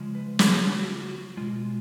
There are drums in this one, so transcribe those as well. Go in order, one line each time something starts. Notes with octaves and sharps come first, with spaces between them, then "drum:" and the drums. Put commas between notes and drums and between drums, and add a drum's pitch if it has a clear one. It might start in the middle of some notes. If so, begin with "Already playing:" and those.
Already playing: C#3 F3 G#3
B4
G#4, drum: snare
G4
F#4
F4
F#4
B2 G#3 F4